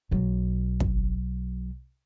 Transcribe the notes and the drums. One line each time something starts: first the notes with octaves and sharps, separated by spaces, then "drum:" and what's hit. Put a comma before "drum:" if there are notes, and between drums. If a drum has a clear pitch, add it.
B1 F#3
drum: kick